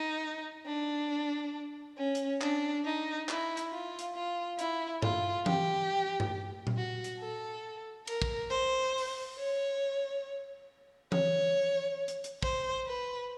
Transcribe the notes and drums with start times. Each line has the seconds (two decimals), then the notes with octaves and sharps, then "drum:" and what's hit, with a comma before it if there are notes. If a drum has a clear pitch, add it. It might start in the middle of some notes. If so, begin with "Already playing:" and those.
Already playing: D#4
0.67 D4
1.98 C#4
2.15 drum: hi-hat
2.41 D4, drum: clap
2.85 D#4
3.29 E4, drum: clap
3.57 drum: hi-hat
3.72 F4
3.99 drum: hi-hat
4.15 F4
4.59 E4, drum: hi-hat
5.02 F4, drum: tom G2
5.46 G4, drum: tom E3
6.20 drum: tom G2
6.67 drum: tom A#2
6.77 F#4
7.04 drum: hi-hat
7.19 A4
8.07 A#4, drum: cymbal
8.22 drum: kick
8.50 C5
8.98 drum: open hi-hat
9.38 C#5
11.12 C#5, drum: tom E3
12.08 drum: hi-hat
12.24 drum: hi-hat
12.43 C5, drum: kick
12.87 B4